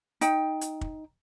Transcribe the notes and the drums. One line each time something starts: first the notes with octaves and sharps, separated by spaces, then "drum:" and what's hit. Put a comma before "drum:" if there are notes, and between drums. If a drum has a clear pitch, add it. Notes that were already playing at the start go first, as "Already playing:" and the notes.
D#4 G5, drum: hi-hat
drum: hi-hat
drum: kick